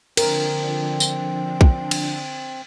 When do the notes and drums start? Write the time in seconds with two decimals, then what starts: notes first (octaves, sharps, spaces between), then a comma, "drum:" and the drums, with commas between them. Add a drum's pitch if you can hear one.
0.17 D3 F3 C4 D4 A#4, drum: cymbal
1.00 drum: tambourine
1.61 drum: kick
1.91 drum: cymbal